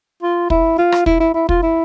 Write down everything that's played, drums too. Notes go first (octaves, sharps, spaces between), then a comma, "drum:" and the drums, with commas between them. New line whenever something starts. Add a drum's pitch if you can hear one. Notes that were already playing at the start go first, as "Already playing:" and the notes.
F4
E4, drum: kick
F4
drum: rim click
E4, drum: kick
E4
E4
F4, drum: kick
E4